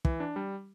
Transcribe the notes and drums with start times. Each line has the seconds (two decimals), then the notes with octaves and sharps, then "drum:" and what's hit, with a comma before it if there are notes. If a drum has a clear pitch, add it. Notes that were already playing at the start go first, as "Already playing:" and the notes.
0.05 E3, drum: kick
0.20 D4
0.36 G3